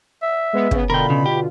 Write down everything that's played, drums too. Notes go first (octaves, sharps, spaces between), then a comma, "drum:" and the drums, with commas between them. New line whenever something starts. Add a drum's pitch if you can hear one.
E5
G#3 B3
C#3 B3, drum: kick
B2 D3 F4 A#4 G5 B5
C#3
G4